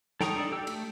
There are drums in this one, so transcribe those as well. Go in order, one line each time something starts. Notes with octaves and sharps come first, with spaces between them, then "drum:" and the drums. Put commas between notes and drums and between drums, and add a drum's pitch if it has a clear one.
A4 G5 A#5 C#6 D#6, drum: snare
D4 D#4 A4 D5
G4 A4 G5 E6
A3, drum: cymbal